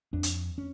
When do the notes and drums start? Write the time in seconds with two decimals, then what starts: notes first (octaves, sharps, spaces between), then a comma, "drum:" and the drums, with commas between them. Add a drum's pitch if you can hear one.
0.13 F2 D4
0.23 drum: hi-hat
0.58 C#4